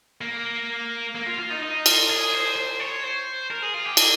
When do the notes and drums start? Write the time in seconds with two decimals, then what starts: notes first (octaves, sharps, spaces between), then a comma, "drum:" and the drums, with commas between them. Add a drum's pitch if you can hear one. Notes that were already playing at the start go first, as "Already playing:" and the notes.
0.21 A#3
1.15 A#3
1.26 F4
1.39 F4
1.50 D#4
1.62 D#4
1.86 F4, drum: cymbal
2.09 G#4
2.33 C5
2.56 C5
2.80 C#5
3.04 C5
3.50 A#4
3.62 G#4
3.74 F4
3.85 G4
3.97 G#4, drum: cymbal